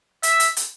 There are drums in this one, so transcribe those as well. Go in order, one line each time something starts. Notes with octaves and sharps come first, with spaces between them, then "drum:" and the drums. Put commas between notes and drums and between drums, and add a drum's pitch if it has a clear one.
E5, drum: hi-hat
drum: hi-hat
drum: hi-hat